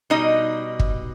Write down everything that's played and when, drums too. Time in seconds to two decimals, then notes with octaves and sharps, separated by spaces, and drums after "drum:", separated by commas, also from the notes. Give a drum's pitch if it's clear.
0.10 B2 G3 D#4 D#5
0.79 drum: kick